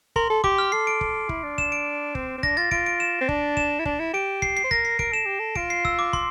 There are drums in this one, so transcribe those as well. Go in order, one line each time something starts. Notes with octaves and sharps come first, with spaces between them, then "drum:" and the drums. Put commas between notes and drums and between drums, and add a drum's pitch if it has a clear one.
A#4 C6, drum: kick
A4
G4 D6, drum: kick
F6
A4 C7
D7
drum: kick
E4, drum: kick
D4
E7, drum: kick
D7
C4, drum: kick
C4
D4 A#6, drum: kick
F4 A6
F4 D7, drum: kick
D7
E7
C4
D4, drum: kick
E7, drum: kick
E4
D4, drum: kick
E4
G4 D7
C7, drum: kick
C7
C5
A#4 A#6, drum: kick
C7
A#4 D7, drum: kick
A4 E7
G4
A4
F4 D7, drum: kick
C7
E6, drum: kick
D6
C6, drum: kick